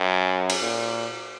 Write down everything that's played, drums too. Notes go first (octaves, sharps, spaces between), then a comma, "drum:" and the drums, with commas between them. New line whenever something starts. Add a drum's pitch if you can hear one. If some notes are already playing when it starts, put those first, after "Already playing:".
Already playing: F#2
drum: cymbal
A#2